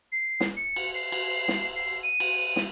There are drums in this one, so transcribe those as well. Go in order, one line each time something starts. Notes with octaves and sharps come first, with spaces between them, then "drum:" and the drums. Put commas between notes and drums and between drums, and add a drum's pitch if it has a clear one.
C7
drum: snare
C#7
drum: cymbal
C7
drum: cymbal
drum: snare
C7
D#7
drum: cymbal
drum: snare